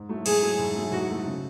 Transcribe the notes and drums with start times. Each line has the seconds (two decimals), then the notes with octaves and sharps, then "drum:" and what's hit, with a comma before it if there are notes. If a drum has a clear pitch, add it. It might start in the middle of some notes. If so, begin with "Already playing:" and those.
Already playing: G#2
0.09 F#3 A3 E4
0.26 G#2 G#4, drum: cymbal
0.42 F#3 A3 E4
0.58 G#2
0.75 F#3 A3 E4
0.91 G#2 F#4
1.09 F#3 A3 E4
1.25 C#3